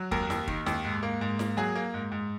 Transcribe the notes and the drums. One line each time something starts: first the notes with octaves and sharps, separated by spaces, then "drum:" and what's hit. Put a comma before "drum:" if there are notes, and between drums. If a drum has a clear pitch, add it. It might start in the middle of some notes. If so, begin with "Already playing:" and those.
Already playing: F#3
D#2 A#4, drum: kick
D#2, drum: snare
D#3, drum: kick
D#2, drum: snare
G#2
A#3
G#2
A#3, drum: snare
F#3 G#4
A#3
G#2
G#2